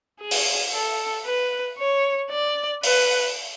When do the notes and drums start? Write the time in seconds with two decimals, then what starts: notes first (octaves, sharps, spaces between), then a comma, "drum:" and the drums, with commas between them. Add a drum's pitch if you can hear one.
0.21 G#4
0.31 drum: open hi-hat
0.74 A4
1.26 B4
1.78 C#5
2.31 D5
2.83 B4, drum: open hi-hat